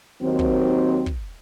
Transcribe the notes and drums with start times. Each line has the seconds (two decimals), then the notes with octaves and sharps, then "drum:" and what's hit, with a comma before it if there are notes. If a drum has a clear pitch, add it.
0.22 D#2 D#3 F#3 C4
0.39 drum: kick
1.06 drum: kick